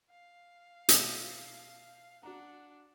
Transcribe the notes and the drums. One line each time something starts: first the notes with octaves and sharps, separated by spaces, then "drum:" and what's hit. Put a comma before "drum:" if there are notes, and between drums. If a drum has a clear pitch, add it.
F5
B2 A3, drum: hi-hat
D4 F#4 F#5 A#5